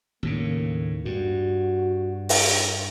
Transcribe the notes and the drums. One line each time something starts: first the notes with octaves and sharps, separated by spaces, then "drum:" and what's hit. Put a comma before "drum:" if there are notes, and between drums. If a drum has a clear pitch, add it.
D#2 A2 C#3 A#3
G2 F#4
drum: open hi-hat